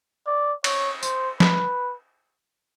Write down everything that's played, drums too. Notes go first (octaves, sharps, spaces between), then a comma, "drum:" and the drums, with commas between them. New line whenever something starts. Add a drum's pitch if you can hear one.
D5
C#5, drum: cymbal
C5, drum: tambourine
B4, drum: snare F3